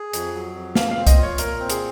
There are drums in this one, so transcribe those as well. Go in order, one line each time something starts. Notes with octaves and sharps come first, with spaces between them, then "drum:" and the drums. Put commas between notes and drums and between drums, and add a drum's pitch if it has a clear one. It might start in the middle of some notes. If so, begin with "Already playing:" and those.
Already playing: G#4
F2, drum: hi-hat
F#3
F2
C#3 F5, drum: snare
F5
C4
D#5, drum: kick C2, hi-hat
F4 C#5
A#2 A#4, drum: hi-hat
C4
G#4, drum: hi-hat